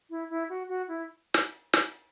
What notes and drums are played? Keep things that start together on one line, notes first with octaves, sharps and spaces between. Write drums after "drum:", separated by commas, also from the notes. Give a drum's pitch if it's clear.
E4
E4
F#4
F#4
E4
drum: snare
drum: snare